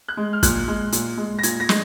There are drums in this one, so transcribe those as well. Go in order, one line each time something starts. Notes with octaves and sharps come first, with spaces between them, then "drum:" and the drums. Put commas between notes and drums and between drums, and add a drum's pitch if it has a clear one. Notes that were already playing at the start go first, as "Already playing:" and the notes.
F#6
G#3
F6
A#2 F#6, drum: kick, hi-hat
G#3
A#2, drum: hi-hat
G#3
A#6
A#2 G#6, drum: hi-hat
A#6
G#3, drum: snare